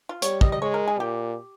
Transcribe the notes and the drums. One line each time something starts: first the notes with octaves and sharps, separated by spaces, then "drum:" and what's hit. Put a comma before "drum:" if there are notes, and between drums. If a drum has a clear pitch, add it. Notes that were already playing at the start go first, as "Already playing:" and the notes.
F4
G3 C#5, drum: hi-hat
D#5, drum: kick
D#5
G#3 C#5
A#4
G#4
A#2 G4